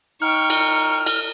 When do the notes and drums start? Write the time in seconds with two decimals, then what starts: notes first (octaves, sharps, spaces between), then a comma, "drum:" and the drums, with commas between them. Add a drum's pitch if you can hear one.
0.22 D#4 G5 C#6 F6
0.50 drum: cymbal
1.06 drum: cymbal